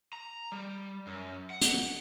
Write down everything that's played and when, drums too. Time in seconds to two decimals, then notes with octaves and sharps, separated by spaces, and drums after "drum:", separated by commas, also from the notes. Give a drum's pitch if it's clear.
0.13 A#5
0.52 G3
1.07 F#2
1.50 F#5
1.61 drum: hi-hat